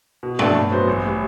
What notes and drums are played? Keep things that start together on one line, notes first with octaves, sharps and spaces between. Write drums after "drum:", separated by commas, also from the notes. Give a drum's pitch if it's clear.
B2
A3 D4 A4 D5, drum: tom
A2
F#3 B3 F#4 C5
A1
A2 G3